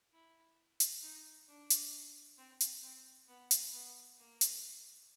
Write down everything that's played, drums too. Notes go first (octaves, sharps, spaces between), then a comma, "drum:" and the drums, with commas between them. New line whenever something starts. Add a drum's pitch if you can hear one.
E4
drum: hi-hat
D#4
D4
drum: hi-hat
C4
drum: hi-hat
C4
B3
drum: hi-hat
B3
A#3
drum: hi-hat